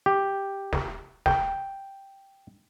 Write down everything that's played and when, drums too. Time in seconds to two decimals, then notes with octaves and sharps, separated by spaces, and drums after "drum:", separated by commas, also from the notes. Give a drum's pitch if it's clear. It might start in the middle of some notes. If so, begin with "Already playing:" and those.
0.06 G4
0.73 drum: snare
1.26 G5, drum: snare